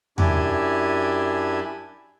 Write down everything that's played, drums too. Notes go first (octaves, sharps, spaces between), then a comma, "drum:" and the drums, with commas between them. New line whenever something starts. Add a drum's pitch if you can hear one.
F#2 D4 E4 G4 G#5, drum: tom E2